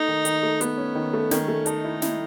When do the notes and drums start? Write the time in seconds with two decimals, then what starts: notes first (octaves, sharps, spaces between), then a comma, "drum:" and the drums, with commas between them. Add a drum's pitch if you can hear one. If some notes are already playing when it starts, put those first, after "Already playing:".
Already playing: A3 D#4
0.08 D#3
0.25 D#3, drum: hi-hat
0.43 A3
0.61 A3 B3, drum: hi-hat
0.78 C#4
0.95 D#3
1.13 A3
1.31 D#3 C#4, drum: snare
1.48 A3
1.66 D#4 A4, drum: hi-hat
1.84 E4
2.02 E4, drum: snare